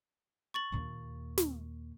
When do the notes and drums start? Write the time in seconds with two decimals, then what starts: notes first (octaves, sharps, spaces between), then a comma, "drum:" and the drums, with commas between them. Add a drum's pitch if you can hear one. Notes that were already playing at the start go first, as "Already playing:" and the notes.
0.54 C#6 A6 F#7
0.72 D#2 A#2
1.38 drum: snare